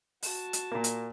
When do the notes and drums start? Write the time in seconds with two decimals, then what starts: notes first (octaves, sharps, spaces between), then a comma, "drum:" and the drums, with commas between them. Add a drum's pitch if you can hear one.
0.23 F#4 A5, drum: open hi-hat
0.53 drum: hi-hat
0.72 A#2 A#3
0.84 drum: hi-hat